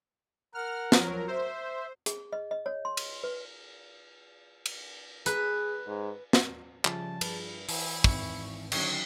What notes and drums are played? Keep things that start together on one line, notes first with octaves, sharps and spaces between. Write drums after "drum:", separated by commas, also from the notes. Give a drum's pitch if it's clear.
A#4 F#5 F6
F3 F#3 A#4, drum: snare
C5 E5
G#4, drum: hi-hat
D#5
D#5
C#5
C6
drum: cymbal
B4
drum: cymbal
G#4 B4, drum: hi-hat
G#2
drum: snare
C#3 F3 G3 C#4 G#4 E5 A5, drum: clap
G2 G3 B4, drum: cymbal
E3 E4, drum: open hi-hat
G#1 C#6 C#7, drum: kick
D3 D#3 F#3 C#4 C#5 G5, drum: cymbal